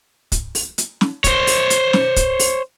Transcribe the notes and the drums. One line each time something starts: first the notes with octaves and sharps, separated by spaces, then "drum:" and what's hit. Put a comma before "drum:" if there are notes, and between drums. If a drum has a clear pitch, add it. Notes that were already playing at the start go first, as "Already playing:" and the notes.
drum: kick, hi-hat
drum: open hi-hat
drum: hi-hat
drum: snare
C5 C#5, drum: kick, hi-hat
drum: open hi-hat
drum: hi-hat
drum: snare
drum: kick, hi-hat
drum: open hi-hat